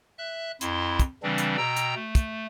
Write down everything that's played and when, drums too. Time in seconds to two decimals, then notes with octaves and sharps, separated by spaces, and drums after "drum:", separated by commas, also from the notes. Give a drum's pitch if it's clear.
0.18 E5 F#6
0.61 F2 E4 C6, drum: hi-hat
1.00 drum: kick, hi-hat
1.23 C#3 E3 G3 C4 D4
1.38 drum: hi-hat
1.58 B2 G5 A#5 E6
1.77 drum: hi-hat
1.95 A3
2.15 drum: kick, hi-hat